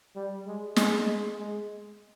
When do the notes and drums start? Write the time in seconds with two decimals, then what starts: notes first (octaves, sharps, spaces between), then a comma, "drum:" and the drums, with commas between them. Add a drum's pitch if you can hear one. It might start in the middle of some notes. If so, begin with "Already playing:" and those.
0.16 G3
0.46 G#3
0.76 G#3, drum: snare
1.07 G#3
1.36 G#3